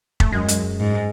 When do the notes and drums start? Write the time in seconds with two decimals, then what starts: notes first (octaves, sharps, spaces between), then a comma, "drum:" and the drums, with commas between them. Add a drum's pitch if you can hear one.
0.20 A3, drum: kick F1
0.32 F#2 G#3
0.48 drum: hi-hat
0.80 G#2